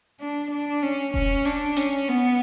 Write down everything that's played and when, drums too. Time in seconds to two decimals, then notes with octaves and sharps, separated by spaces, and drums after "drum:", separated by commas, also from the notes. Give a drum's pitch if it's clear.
0.20 D4
0.51 D4
0.83 C#4
1.14 C#4, drum: kick E1
1.45 D4, drum: open hi-hat
1.76 C#4, drum: hi-hat
2.08 B3